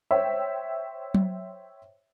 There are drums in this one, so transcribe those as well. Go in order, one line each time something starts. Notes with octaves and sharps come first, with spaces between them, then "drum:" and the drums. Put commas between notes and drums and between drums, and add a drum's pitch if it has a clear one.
C5 C#5 E5 G5
drum: tom F#3